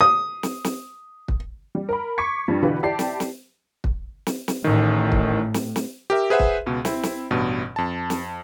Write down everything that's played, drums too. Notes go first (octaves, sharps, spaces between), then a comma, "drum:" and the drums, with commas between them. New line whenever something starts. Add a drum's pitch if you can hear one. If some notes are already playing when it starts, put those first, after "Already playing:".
D#6
drum: snare
drum: snare
drum: kick
G3
A#4 B5
C#6 D6 G#6 B6 C#7
G2 F3 G3
B2 D3 E3 F4 G4 B4
E4 G4 D5 A5 C7
drum: snare
drum: snare
drum: kick
drum: snare
drum: snare
A1 A2 D#3
drum: kick
drum: snare
drum: snare
G4 A#4 E5
G#4 B4 C5 E5 F#5
drum: kick
C#2 B2
C4 E4, drum: snare
drum: snare
A1 G2 B2
F2 A5
drum: snare